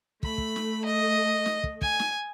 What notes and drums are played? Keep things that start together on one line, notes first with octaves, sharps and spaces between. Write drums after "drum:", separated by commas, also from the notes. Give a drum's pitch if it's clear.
A3 B5, drum: kick
drum: kick
drum: snare
D#5
drum: snare
drum: kick
G#5, drum: kick
drum: snare